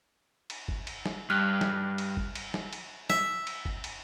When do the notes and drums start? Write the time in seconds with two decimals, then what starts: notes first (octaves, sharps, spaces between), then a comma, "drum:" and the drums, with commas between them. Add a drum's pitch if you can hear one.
0.50 drum: cymbal
0.68 drum: kick G1
0.87 drum: cymbal
1.06 drum: snare
1.30 G2 F6 F#6
1.61 drum: snare
1.98 drum: cymbal
2.17 drum: kick G1
2.35 drum: cymbal
2.54 drum: snare
2.73 drum: cymbal
3.10 E5, drum: snare
3.47 drum: cymbal
3.65 drum: kick G1
3.84 drum: cymbal